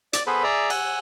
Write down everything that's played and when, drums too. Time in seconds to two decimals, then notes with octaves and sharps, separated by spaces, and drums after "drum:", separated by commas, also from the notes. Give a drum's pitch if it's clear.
0.13 D5, drum: hi-hat
0.27 B3 G#4 A4 B4 C5 B5
0.43 G#4 D5 E5 A#5
0.70 F#5 G#5 E6, drum: cymbal